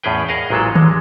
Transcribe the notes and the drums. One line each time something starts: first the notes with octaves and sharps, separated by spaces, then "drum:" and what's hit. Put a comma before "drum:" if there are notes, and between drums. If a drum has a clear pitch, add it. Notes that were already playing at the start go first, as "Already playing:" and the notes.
E2 A2 C#4 G#4 B4 G5
G#4 A#4 D#5 F5 F#5
A1 A#2 F#3 G#3 A4
D3 G#3, drum: tom D#3